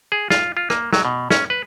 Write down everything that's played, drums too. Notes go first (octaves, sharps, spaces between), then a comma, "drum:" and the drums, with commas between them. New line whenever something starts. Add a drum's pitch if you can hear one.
G#4
F4, drum: snare
F4
A#3, drum: rim click
F#3, drum: snare
B2
C#4, drum: snare
B4